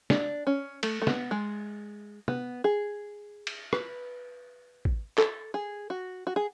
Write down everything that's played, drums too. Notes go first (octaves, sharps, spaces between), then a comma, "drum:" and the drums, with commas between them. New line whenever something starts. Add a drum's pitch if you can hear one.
D4, drum: snare
C#4
A3, drum: cymbal
A3
B3, drum: snare
G#3
B3, drum: tom
G#4
drum: cymbal
B4, drum: rim click
drum: kick
A4, drum: clap
G#4
F#4
F#4
G#4